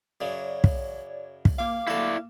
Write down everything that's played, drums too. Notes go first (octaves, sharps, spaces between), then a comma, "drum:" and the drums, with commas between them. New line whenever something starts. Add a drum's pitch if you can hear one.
F#2 C#3 F#3 C#5 D5 G#6
drum: kick
drum: kick
A#3 F5 D6
E4 F#4 A4 D5